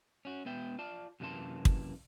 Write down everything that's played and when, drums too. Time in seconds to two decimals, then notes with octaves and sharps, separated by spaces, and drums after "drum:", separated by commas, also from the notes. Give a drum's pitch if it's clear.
0.25 C#4 F#4
0.45 B2 G#3 B3 E5 G5
0.79 F4 D5 A5
1.20 F#2 C3 E3 A#3 A5 C6
1.65 drum: kick